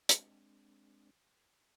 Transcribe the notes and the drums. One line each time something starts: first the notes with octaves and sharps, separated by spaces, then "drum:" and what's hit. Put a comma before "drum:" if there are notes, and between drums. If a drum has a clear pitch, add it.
G#3 C4 D4, drum: hi-hat